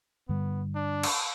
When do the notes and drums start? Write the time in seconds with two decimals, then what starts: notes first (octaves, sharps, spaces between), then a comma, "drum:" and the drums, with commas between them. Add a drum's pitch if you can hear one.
0.29 G2 D3 G3 B3
0.75 D4
1.03 drum: cymbal